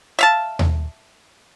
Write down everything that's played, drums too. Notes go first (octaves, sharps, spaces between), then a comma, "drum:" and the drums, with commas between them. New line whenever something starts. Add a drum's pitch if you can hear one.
E5 F5 A5
drum: tom D#2